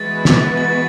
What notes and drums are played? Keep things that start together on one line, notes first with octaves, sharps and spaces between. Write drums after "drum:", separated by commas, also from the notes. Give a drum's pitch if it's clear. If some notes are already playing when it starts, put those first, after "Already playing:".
Already playing: E3 G#3 B3 F#4 B4 A6
drum: snare
A6